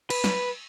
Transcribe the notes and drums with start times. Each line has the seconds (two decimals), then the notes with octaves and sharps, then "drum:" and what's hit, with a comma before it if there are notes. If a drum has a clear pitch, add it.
0.10 B4, drum: cymbal
0.24 drum: snare